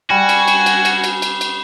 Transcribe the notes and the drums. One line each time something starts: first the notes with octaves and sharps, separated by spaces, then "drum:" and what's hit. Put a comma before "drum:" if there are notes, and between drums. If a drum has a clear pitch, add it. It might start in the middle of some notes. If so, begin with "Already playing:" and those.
G3 F#4 G#5
drum: cymbal
drum: cymbal
drum: cymbal
drum: cymbal
drum: cymbal
drum: cymbal
drum: cymbal